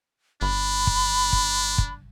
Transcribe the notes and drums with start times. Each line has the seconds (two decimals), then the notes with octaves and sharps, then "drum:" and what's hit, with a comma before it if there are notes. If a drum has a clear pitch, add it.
0.42 G1 D4 B5
0.87 drum: kick
1.33 drum: kick
1.78 drum: kick